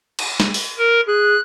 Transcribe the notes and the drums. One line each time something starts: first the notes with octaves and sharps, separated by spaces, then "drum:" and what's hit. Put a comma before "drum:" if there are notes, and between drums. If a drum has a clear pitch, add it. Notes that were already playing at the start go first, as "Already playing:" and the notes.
drum: cymbal
drum: snare
drum: open hi-hat
A#4
G#4 F#6